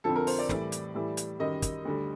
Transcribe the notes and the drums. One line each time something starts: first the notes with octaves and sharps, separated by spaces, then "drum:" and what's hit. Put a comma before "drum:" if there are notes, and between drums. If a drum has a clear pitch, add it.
F2 D3 F3 A4
A#4
C5, drum: open hi-hat
D5
A2 E3 G3, drum: snare
drum: hi-hat
A2 E3 G3
drum: hi-hat
F#2 D#3 G3 D#5
drum: kick, hi-hat
D2 D3 G3